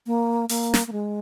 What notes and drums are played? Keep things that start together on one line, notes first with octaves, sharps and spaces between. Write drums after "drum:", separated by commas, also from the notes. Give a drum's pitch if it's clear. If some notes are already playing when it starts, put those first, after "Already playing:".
A#3
A#3, drum: open hi-hat
drum: snare
A#3
G#3